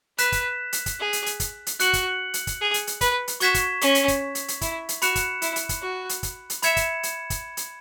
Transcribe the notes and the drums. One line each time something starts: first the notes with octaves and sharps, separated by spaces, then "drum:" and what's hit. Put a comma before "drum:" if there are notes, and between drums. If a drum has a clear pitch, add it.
B4 F#6 B6 E7, drum: hi-hat
drum: kick, hi-hat
drum: hi-hat
drum: kick, hi-hat
G#4
drum: hi-hat
drum: hi-hat
drum: kick, hi-hat
drum: hi-hat
F#4 F#6 C#7 F#7, drum: hi-hat
drum: kick, hi-hat
drum: hi-hat
drum: kick, hi-hat
G#4
drum: hi-hat
drum: hi-hat
B4, drum: kick, hi-hat
drum: hi-hat
F#4 C#6 G#6 B6 E7, drum: hi-hat
drum: kick, hi-hat
C#4, drum: hi-hat
drum: hi-hat
drum: kick, hi-hat
drum: hi-hat
drum: hi-hat
E4, drum: kick, hi-hat
drum: hi-hat
F#4 B5 F#6 C#7 E7, drum: hi-hat
drum: kick, hi-hat
E4, drum: hi-hat
drum: hi-hat
drum: kick, hi-hat
F#4
drum: hi-hat
drum: kick, hi-hat
drum: hi-hat
E5 B5 G#6 C#7 E7, drum: hi-hat
drum: kick, hi-hat
drum: hi-hat
drum: kick, hi-hat
drum: hi-hat